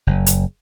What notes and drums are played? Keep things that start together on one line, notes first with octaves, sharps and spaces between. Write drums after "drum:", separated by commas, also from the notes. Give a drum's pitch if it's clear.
F#1
drum: hi-hat